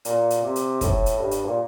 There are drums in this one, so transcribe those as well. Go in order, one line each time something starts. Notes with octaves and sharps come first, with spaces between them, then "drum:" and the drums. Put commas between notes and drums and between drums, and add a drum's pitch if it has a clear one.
A#2, drum: hi-hat
drum: hi-hat
C3
drum: hi-hat
A2, drum: kick, hi-hat
drum: hi-hat
G2
drum: hi-hat
A#2